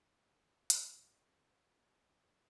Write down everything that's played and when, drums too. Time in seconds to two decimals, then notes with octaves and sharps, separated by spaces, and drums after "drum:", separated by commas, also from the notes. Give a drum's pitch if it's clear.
0.26 B2 F3 B3 C4 D5
0.70 C#3, drum: hi-hat
1.36 F#3 A4
1.73 G2 F#4
2.12 D#3 F3 G3